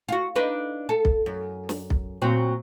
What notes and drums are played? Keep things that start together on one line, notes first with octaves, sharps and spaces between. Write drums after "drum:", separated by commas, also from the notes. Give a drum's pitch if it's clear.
F4 F#4
D4 D#4 B4
A4
drum: kick B1
F#2
drum: snare
drum: kick B1
A#2 F#3 C4